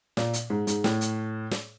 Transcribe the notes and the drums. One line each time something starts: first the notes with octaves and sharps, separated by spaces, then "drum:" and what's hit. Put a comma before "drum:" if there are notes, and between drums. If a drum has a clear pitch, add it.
A#2, drum: snare
drum: hi-hat
G#2
G#2, drum: hi-hat
A2, drum: snare
drum: hi-hat
drum: snare